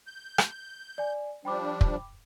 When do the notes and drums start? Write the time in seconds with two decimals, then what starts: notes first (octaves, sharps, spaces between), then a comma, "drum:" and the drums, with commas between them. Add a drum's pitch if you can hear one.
0.06 G6
0.38 drum: rim click
0.98 D5 G#5
1.45 F3 G3 D4 G5 B5 D6
1.81 drum: kick